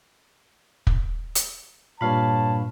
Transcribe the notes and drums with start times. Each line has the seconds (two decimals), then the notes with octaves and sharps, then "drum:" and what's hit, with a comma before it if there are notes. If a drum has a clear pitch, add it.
0.87 drum: kick
1.35 drum: hi-hat
2.01 G2 A#2 C#5 F5 A5 B5